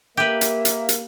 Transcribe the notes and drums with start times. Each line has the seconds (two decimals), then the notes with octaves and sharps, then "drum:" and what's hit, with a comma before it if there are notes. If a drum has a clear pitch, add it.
0.17 A#3 G4 B4 E5
0.41 drum: hi-hat
0.65 drum: hi-hat
0.89 drum: hi-hat